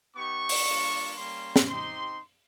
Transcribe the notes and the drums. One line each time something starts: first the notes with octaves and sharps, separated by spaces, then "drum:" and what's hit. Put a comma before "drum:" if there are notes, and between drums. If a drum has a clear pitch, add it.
B3 D#4 G4 C#6
drum: open hi-hat
G3 A#3 D4 F4
G3 A#3 C#4 C6
drum: snare
C4 D#4 G4 C6